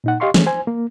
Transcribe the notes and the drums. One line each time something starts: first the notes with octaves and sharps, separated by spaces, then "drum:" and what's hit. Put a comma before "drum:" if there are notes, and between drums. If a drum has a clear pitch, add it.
A#2 D#4 F#5
G4 D#5 F5 C6 C#6
G#3 A3 C#4 G#4, drum: snare
C5 G#5
A#3